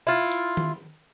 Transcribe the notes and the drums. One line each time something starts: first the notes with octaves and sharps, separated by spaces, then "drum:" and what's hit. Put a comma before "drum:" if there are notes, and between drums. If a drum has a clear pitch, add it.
E4 F4
drum: hi-hat
drum: tom D#3